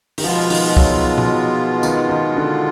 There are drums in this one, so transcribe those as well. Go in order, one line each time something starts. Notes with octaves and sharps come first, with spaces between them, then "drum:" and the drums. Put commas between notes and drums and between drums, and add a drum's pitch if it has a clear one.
D#3, drum: open hi-hat
B2 F3 G#3 B3 F4
D#3, drum: open hi-hat
F#3, drum: kick C2
drum: tom A#2
D#3, drum: tambourine
D#3
D3